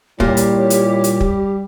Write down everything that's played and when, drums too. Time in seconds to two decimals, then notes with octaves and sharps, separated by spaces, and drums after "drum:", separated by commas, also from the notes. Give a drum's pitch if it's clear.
0.20 A#2 G3 E4 G4 C#5, drum: kick
0.37 drum: hi-hat
0.70 drum: hi-hat
1.04 drum: hi-hat
1.20 drum: kick